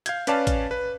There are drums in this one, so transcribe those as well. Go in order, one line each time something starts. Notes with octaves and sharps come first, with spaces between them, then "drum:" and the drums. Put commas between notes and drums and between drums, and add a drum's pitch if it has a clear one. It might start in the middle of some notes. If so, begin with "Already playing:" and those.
F5 G6 G#6, drum: hi-hat
C#4 B4 D5 F5 A5, drum: hi-hat
drum: kick, hi-hat
B4